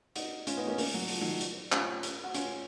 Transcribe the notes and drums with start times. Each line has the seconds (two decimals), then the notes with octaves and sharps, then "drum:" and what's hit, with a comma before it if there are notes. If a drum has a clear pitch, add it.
0.15 D#4 F#4, drum: hi-hat
0.47 C#4 F4, drum: hi-hat
0.57 B3 D#4
0.67 A#3 C#4
0.78 A#3 C#4, drum: open hi-hat
0.94 F#3
1.08 F3, drum: open hi-hat
1.21 D#3 F#3
1.41 drum: hi-hat
1.72 C#4 F4, drum: clap
2.03 drum: hi-hat
2.24 F#4
2.34 C#4 F4, drum: hi-hat